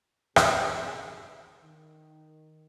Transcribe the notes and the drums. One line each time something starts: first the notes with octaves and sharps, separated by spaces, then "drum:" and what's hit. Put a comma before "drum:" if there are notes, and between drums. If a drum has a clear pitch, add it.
F#2 C3 D#4 G#4, drum: rim click
D#3